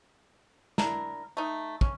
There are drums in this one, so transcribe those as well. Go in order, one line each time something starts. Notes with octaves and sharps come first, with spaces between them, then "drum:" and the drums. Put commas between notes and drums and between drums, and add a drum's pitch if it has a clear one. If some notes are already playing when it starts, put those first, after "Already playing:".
D4 E4 A#4, drum: snare
A3 D#4
C#4, drum: kick